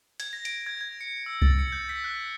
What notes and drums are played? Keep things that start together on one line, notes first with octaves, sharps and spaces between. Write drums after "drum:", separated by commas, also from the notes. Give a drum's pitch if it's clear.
G#6, drum: hi-hat
A#6
D7, drum: hi-hat
G#6
G#6
C#7
E6
A6, drum: kick C2
C#7
G6
B6
F#6